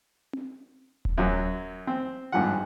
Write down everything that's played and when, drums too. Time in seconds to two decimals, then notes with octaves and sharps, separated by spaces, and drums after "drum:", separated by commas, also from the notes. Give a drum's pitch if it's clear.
0.33 drum: tom C4
1.05 drum: kick D#1
1.18 F#2 F#3
1.87 C4
2.32 G#1 G2 F3 F#5